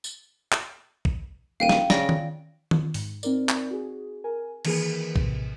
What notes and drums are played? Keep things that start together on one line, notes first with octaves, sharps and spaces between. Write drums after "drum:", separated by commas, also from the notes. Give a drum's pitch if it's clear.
drum: tambourine
drum: clap
drum: kick
D#1 F5 G5 D#7
drum: snare
C#3 D5 A#6 D7, drum: snare
drum: tom D#3
drum: tom D#3
G#2, drum: open hi-hat
C4 D#4 A#4 D5, drum: tambourine
drum: clap
F#4 G#4
A#4 G#5
D#3 E3 A#3 G#4 A#4 B4, drum: cymbal
A#1 A2 C3, drum: kick